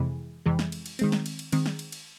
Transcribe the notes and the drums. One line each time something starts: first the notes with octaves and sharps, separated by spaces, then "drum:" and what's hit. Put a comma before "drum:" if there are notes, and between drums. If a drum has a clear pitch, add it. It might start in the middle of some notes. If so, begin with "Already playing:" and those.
Already playing: F2 C3 E3 G#3
F2 C3 E3 G#3
drum: snare
drum: cymbal
drum: cymbal
D#3 G#3 C4, drum: cymbal
drum: snare
drum: cymbal
drum: cymbal
D#3 G#3 C4, drum: cymbal
drum: snare
drum: cymbal
drum: cymbal